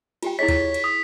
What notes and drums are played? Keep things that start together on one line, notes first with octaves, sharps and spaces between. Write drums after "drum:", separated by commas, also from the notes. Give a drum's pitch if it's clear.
F4 G4 G5, drum: cymbal
E4 G#4 C#5 D#5 B6
drum: kick D2, cymbal
drum: cymbal
D#6